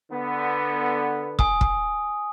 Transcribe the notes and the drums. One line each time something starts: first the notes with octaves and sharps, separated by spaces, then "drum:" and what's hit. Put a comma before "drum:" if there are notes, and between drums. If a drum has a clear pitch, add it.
D3 B3
G#5 D#6, drum: kick
drum: kick